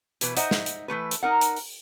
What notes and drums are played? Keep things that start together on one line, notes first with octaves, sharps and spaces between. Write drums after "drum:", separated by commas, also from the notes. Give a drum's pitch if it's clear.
B2 E3 B4, drum: hi-hat
D#4 C5 D#5 E5 F#5, drum: hi-hat
drum: snare
drum: hi-hat
E3 F3 A3 B4
drum: hi-hat
D#4 A#4 F#5
drum: hi-hat
drum: open hi-hat